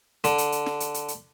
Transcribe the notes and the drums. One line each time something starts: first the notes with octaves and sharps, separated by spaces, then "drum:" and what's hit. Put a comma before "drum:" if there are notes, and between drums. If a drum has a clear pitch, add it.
D3, drum: hi-hat
drum: hi-hat
drum: hi-hat
drum: snare
drum: hi-hat
drum: hi-hat
drum: hi-hat